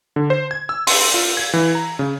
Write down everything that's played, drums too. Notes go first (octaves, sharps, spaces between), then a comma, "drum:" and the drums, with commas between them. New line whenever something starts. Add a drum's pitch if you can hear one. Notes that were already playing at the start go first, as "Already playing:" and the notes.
D3
C5
G#6
E6
C6, drum: open hi-hat
F4
G#6
E3
A#5
C#3